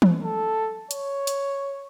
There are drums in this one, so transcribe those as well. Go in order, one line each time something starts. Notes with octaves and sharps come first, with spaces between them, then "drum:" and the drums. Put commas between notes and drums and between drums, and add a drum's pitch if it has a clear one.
drum: tom E3
A4
C#5, drum: hi-hat
drum: hi-hat